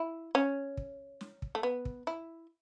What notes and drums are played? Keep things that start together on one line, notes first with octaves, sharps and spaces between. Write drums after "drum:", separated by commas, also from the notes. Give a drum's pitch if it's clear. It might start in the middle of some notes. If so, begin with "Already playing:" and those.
Already playing: E4
C#4
drum: kick
drum: snare
drum: kick
A3
B3
drum: kick
E4